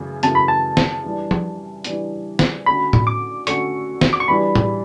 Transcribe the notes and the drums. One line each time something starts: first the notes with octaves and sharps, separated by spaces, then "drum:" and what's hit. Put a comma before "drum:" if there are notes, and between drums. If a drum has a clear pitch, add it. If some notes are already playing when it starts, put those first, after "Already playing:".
Already playing: F#2 C#3 E3 A3
F#2 C#3 E3 A3 A5, drum: hi-hat
B5
A5
drum: snare
E3 G3 D4
drum: tom F3
E3 G3 D4, drum: hi-hat
drum: snare
D3 A3 C#4 F#4 A4 B5
drum: tom A2
D6
D3 A3 C#4 F#4 A4 C#6, drum: hi-hat
drum: snare
D6
C#6
E3 G3 D4 B5
drum: tom